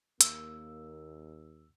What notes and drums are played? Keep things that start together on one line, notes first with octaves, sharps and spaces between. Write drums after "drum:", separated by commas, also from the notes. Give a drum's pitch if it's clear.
D#2 A#3 E6, drum: hi-hat